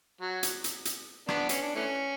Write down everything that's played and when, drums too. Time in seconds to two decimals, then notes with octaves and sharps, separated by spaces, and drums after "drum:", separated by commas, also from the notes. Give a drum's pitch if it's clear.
0.21 F#3
0.43 drum: hi-hat
0.64 drum: hi-hat
0.85 drum: hi-hat
1.29 B3 D4, drum: rim click
1.49 C#4, drum: hi-hat
1.63 D4
1.75 E3 A3 C#4